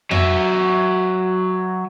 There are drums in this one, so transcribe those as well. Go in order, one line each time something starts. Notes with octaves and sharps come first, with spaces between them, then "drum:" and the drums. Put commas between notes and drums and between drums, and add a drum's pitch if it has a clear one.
F#3 E5, drum: tom F2